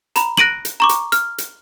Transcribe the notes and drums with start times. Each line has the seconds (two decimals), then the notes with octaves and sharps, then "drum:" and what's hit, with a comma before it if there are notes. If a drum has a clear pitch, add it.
0.16 A#5 B5, drum: hi-hat
0.37 F#6 A#6 D7 D#7 F#7, drum: rim click
0.65 drum: hi-hat
0.80 A#5 C#6 D6
0.89 drum: hi-hat
1.12 F6, drum: hi-hat
1.38 drum: hi-hat